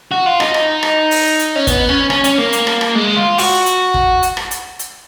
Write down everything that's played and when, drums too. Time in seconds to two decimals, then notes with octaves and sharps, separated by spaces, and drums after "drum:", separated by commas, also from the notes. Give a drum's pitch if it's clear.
0.11 F#4
0.26 F4
0.40 D#4, drum: rim click
0.54 drum: rim click
0.83 drum: rim click
1.11 drum: open hi-hat
1.39 drum: hi-hat
1.56 C#4
1.67 B3, drum: kick, hi-hat
1.89 C#4
2.10 C#4, drum: rim click
2.24 C#4, drum: hi-hat
2.38 A#3
2.53 drum: hi-hat
2.67 drum: rim click
2.81 drum: rim click
2.95 G#3
3.17 F4
3.38 F#4, drum: open hi-hat
3.66 drum: hi-hat
3.94 drum: kick
4.23 drum: hi-hat
4.37 drum: rim click
4.51 drum: hi-hat
4.79 drum: hi-hat